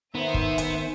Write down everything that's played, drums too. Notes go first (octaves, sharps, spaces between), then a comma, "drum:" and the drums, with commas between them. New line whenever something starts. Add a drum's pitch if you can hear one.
D#3 B3 C5 E5 G#5
drum: kick
drum: hi-hat